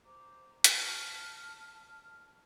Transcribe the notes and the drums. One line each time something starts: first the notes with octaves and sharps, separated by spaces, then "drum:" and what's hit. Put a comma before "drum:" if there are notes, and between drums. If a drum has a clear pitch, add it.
C5 A#5 D6
A5 F6, drum: hi-hat